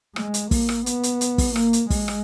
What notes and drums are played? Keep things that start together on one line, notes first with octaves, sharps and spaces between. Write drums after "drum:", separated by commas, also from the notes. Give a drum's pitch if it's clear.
G#3, drum: rim click
drum: hi-hat
A#3, drum: kick, open hi-hat
drum: rim click
B3, drum: hi-hat
drum: hi-hat
drum: hi-hat
drum: kick, open hi-hat
A#3, drum: rim click
drum: hi-hat
G#3, drum: kick, open hi-hat
drum: rim click